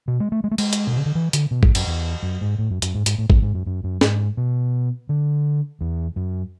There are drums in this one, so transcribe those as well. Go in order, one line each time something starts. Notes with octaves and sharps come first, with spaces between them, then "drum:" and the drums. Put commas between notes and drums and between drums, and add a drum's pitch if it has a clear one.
B2
G#3
A3
G#3
A3
G#3, drum: cymbal
drum: hi-hat
B2
C#3
D3
E3
D3, drum: hi-hat
B2
G#2, drum: kick
F#2, drum: cymbal
E2
F#2
G#2
A2
F#2
F#2, drum: hi-hat
G#2
G#2, drum: hi-hat
A2
G#2, drum: kick
G#2
F#2
F#2
F#2
G#2, drum: snare
B2
D3
E2
F#2